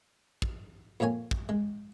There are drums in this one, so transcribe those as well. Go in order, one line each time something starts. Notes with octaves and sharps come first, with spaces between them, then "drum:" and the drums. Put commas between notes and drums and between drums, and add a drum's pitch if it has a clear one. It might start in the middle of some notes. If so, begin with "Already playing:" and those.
drum: kick
F2 A#2 A#3 C#5 G#5
drum: kick
G#3